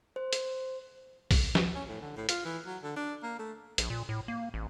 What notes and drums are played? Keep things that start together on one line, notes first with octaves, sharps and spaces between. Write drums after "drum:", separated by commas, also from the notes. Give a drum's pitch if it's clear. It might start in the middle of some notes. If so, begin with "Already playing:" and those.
C5
drum: hi-hat
drum: kick A#1, open hi-hat
drum: snare
C#4
A2
D3
A2
F4, drum: hi-hat
E3
F#3
D3
D4
A#3
A3
A#1, drum: hi-hat
A#2
A2
A#3
A1